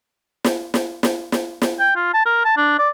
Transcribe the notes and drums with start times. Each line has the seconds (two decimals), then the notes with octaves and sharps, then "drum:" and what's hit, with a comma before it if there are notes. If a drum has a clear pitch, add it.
0.44 drum: snare
0.74 drum: snare
1.03 drum: snare
1.32 drum: snare
1.62 drum: snare
1.79 G5
1.96 F4
2.14 A5
2.26 A#4
2.45 A5
2.57 D4
2.79 D5